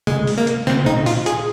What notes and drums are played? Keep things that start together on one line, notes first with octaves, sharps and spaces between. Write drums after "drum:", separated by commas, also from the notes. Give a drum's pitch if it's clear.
G#3, drum: tom C3
drum: open hi-hat
A#3
drum: hi-hat
C4, drum: snare
D#4, drum: tom A#2
F4, drum: open hi-hat
G#4, drum: hi-hat